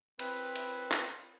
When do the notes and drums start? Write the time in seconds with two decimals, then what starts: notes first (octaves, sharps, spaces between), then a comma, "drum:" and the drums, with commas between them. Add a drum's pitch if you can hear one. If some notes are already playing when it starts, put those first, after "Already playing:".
0.19 C4 B4 B5, drum: cymbal
0.55 drum: cymbal
0.92 drum: clap